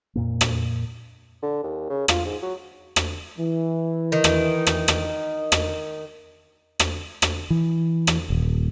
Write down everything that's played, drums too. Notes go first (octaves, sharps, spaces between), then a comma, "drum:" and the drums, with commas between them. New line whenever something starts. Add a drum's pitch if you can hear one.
F2 A#2 A#3
drum: rim click
D3
D#2
C#3
F4, drum: rim click
G#2
F#3
drum: rim click
E3
D#3
drum: rim click
drum: rim click
drum: rim click
drum: rim click
drum: rim click
drum: rim click
E3
drum: rim click
D#1